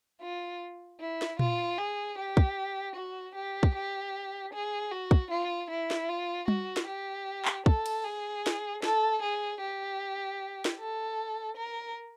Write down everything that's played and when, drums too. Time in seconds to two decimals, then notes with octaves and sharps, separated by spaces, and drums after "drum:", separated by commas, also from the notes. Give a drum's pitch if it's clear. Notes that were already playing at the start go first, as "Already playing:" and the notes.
0.22 F4
1.00 E4
1.22 drum: snare
1.39 F4, drum: tom A#2
1.78 G#4
2.18 G4
2.37 drum: kick
2.95 F#4
3.35 G4
3.63 drum: kick
3.75 G4
4.53 G#4
4.91 F#4
5.11 drum: kick
5.31 F4
5.70 E4
5.91 drum: snare
6.09 F4
6.48 F#4, drum: tom G3
6.77 drum: snare
6.87 G4
7.45 drum: clap
7.66 A4, drum: kick
7.86 drum: cymbal
8.05 G#4
8.47 drum: snare
8.83 A4, drum: snare
9.22 G#4
9.61 G4
10.65 drum: snare
10.79 A4
11.57 A#4